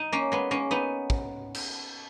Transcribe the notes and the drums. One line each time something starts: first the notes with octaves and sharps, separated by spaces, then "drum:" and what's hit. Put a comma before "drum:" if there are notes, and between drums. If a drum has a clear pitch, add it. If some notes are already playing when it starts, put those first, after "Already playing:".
Already playing: D#4
A#3 C#4
G#3 B3
A#3 C#4
B3 D#4
drum: kick
drum: cymbal